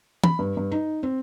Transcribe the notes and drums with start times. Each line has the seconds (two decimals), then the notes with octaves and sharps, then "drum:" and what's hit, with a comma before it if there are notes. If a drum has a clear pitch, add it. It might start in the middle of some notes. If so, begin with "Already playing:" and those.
0.24 B5, drum: tom
0.39 G2
0.57 G2
0.72 D#4
1.03 C4